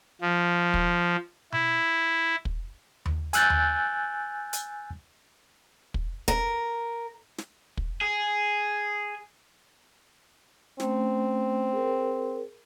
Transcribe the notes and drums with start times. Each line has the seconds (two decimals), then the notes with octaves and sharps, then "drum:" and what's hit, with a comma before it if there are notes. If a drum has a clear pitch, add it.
0.21 F3
0.74 drum: kick
1.52 E4, drum: tom B2
2.45 drum: kick
3.06 drum: tom D#2
3.33 G#5 E6 F#6 G6 A6, drum: hi-hat
3.50 drum: tom D#2
4.53 drum: hi-hat
5.94 drum: kick
6.28 A#4, drum: kick
7.38 drum: snare
7.77 drum: kick
8.01 G#4
10.80 A3 C4 C#4, drum: snare
11.73 G#4 A#4